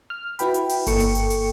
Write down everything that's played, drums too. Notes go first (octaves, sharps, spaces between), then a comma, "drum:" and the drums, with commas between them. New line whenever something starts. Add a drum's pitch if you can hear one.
F6
E4 F#4 B4 G5 B5, drum: hi-hat
drum: hi-hat
drum: open hi-hat
G1 A#3 A4 G5 C#6 C#7, drum: kick G1, open hi-hat
drum: open hi-hat
drum: hi-hat
drum: open hi-hat